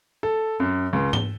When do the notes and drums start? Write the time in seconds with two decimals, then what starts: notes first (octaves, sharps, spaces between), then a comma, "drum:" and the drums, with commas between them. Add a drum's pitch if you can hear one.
0.23 A4
0.60 F#2
0.93 C#2
1.13 G7, drum: tom G#2